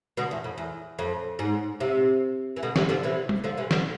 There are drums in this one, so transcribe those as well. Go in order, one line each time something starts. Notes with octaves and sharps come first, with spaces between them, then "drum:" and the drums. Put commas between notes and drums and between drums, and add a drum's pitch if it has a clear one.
B2 D3
E2
F2
E2
F2
G#2
C3
E3
B2 D3
C3 E3, drum: snare
D3 F3
C3 E3
drum: tom
D3 F3
C3 E3
B2 D3, drum: snare